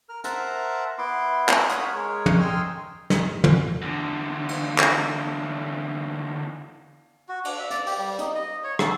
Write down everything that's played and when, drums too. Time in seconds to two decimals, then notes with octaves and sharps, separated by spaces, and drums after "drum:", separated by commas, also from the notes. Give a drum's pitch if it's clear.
0.09 A#4 F6
0.24 A#4 C5 E5 F#5 A5 A#5, drum: hi-hat
0.98 B3 E4 B4 C6 D6
1.49 drum: clap
1.69 C#5 F5 F#5 B5 D#6, drum: hi-hat
1.94 G#3 A#4 C#5
2.26 drum: tom
2.40 D#5 G5 G#5 C6 E6 F6
3.10 drum: snare
3.44 drum: tom
3.82 E2 D3
4.49 drum: cymbal
4.79 drum: clap
7.29 F#4
7.45 D4, drum: cymbal
7.59 E5
7.70 D5, drum: hi-hat
7.87 G4, drum: open hi-hat
7.98 G3
8.19 D#4, drum: hi-hat
8.35 D#5
8.64 C#5
8.79 A4, drum: rim click